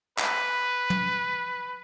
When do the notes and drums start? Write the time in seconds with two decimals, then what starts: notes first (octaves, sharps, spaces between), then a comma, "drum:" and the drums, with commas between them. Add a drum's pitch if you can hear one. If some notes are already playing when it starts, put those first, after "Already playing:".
0.18 B4, drum: clap
0.90 drum: tom